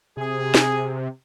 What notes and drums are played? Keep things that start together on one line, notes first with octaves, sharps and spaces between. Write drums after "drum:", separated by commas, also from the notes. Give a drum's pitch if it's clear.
C3 G#4
drum: snare